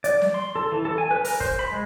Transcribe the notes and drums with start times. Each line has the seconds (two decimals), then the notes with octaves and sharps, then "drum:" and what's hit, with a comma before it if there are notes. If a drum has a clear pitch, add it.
0.04 D5, drum: hi-hat
0.21 drum: snare
0.34 C6
0.56 A4
0.72 E3
0.85 A4
0.98 G#5
1.11 B4
1.25 A#4, drum: open hi-hat
1.40 C5, drum: kick
1.59 B5
1.71 G#3